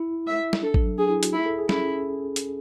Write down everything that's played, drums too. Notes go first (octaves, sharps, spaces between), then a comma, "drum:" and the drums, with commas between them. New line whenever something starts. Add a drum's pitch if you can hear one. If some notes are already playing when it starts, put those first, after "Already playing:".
Already playing: E4
E5
drum: snare
D4 A4
F#3, drum: kick
F#3
D4 G#4
E4
F#4, drum: hi-hat
E4 G#4
A4
G#4
C#4 E4, drum: snare
drum: hi-hat